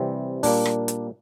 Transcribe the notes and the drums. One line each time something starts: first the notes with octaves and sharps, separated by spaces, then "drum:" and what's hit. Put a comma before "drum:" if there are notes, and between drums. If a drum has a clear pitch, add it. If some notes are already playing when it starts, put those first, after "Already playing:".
Already playing: C3 E3 G3 C4
A#2 G3 A#3 D4, drum: open hi-hat
drum: rim click
drum: hi-hat